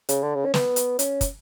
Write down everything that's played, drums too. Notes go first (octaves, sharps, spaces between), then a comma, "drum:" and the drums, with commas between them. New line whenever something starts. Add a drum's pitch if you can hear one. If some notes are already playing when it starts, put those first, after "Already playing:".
C#3, drum: hi-hat
D3
C#3
C#4
B3, drum: snare
drum: hi-hat
C#4, drum: hi-hat
drum: kick, hi-hat